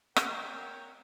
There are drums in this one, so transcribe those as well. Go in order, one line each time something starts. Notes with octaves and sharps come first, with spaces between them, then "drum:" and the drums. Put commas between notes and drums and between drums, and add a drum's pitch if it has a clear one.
A#4 C#5 G5, drum: rim click